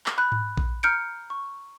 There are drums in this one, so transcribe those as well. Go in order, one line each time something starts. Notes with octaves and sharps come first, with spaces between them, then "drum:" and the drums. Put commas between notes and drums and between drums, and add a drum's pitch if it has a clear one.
drum: clap
B5 F#6 G6
drum: tom G#2
drum: kick A#1
A#5 F6 G6 C#7 D7
C#6